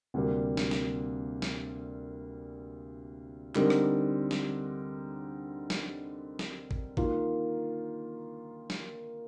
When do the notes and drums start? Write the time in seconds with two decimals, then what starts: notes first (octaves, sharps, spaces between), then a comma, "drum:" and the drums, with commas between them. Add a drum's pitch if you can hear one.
0.14 D2 C3 G3 A#3
0.57 drum: snare
0.71 drum: snare
1.42 drum: snare
3.55 D3 G3 C4 D#4 A#4, drum: clap
3.70 drum: rim click
4.31 drum: snare
5.70 drum: snare
6.39 drum: snare
6.71 drum: kick G#1
6.97 D#3 A#3 F4, drum: kick G#1
8.70 drum: snare